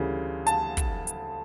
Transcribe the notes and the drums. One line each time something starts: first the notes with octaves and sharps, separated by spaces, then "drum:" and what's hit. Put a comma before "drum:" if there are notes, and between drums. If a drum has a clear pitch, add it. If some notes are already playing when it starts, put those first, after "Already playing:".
Already playing: D2 C#3 E3 G3
A5, drum: hi-hat
drum: kick, hi-hat
drum: hi-hat